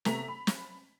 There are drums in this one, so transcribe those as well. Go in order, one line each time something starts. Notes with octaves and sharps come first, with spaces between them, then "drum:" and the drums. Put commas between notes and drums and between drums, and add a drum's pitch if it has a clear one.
C3 A3 B3 A#5 B6 F7, drum: snare
B5
drum: snare